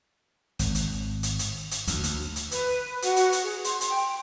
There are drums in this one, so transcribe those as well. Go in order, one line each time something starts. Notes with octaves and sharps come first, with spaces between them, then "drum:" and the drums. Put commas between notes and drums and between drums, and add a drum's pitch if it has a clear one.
G#1, drum: hi-hat
drum: hi-hat
drum: hi-hat
drum: hi-hat
drum: hi-hat
D2, drum: hi-hat
drum: hi-hat
drum: hi-hat
B4, drum: hi-hat
F#4, drum: hi-hat
drum: hi-hat
drum: hi-hat
G#4
C6, drum: hi-hat
drum: hi-hat
G5